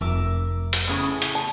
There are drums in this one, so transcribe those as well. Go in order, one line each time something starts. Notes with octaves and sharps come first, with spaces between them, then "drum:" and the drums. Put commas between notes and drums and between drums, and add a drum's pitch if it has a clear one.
F1 A#4 E5 D6
drum: hi-hat
A2 C#3 E3 B3 C#6
drum: hi-hat
A5